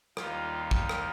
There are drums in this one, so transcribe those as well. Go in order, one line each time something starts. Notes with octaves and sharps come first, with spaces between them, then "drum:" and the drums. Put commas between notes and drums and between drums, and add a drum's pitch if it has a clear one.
D#2 D#3 G3 F4, drum: rim click
drum: kick
drum: rim click